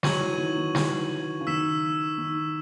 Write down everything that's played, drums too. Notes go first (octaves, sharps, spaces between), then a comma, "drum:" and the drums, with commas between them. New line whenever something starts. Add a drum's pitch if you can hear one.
F#3 C#6 G#6 D#7 F#7, drum: snare
E3
D#3
D#3
drum: snare
C#3
D#3 E6 B6 E7
D#3